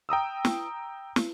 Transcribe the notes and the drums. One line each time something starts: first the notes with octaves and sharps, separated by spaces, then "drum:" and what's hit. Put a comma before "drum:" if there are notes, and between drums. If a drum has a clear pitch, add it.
G5 A#5 D#6 E6
drum: snare
drum: snare